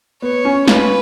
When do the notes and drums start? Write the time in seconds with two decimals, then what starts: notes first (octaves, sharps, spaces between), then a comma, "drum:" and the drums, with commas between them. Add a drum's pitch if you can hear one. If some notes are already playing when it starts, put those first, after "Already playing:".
0.22 B3 C#5
0.45 C#4
0.68 F4 B4, drum: snare
0.78 C#4